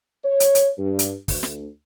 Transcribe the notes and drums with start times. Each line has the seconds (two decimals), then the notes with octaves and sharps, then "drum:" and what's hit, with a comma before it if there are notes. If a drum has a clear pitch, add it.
0.24 C#5
0.40 drum: hi-hat
0.55 drum: hi-hat
0.78 G2
0.99 drum: hi-hat
1.28 D2, drum: kick, open hi-hat
1.43 drum: snare